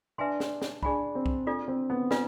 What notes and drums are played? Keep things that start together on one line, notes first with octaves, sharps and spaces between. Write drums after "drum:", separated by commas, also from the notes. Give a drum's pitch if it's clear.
D4 B4 E5 G#5 C6
drum: snare
drum: snare
D4 G#4 D5 G#5 B5, drum: kick B1
C4
drum: kick B1
D4 F4 A4 D5
C4
B3
D4 F4 B4 D5, drum: snare